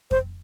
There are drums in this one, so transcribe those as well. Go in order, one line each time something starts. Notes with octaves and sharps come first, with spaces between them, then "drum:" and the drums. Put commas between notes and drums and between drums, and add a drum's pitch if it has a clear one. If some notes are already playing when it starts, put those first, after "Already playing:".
C5, drum: kick F2